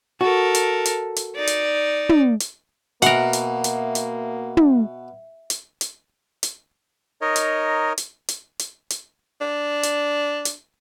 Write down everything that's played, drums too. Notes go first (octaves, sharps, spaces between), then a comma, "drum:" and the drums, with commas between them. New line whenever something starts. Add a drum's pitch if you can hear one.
F#4 A4 A#4
drum: hi-hat
drum: hi-hat
drum: hi-hat
D#4 D5
drum: hi-hat
drum: tom
drum: hi-hat
B2 A#3 A#4 E5 F#5, drum: hi-hat
drum: hi-hat
drum: hi-hat
drum: hi-hat
drum: tom
drum: hi-hat
drum: hi-hat
drum: hi-hat
D#4 A#4 C#5 D#5
drum: hi-hat
drum: hi-hat
drum: hi-hat
drum: hi-hat
drum: hi-hat
D4
drum: hi-hat
drum: hi-hat